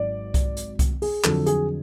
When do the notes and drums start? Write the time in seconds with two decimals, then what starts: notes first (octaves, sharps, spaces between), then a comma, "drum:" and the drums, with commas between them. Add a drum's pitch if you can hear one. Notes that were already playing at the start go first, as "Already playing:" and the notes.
Already playing: G#1 G#2 F#3 D5
0.34 drum: kick C2, hi-hat
0.57 drum: hi-hat
0.79 drum: kick C2, hi-hat
1.02 G#4, drum: open hi-hat
1.24 F2 D3 F#3 A4, drum: clap
1.46 G#4, drum: hi-hat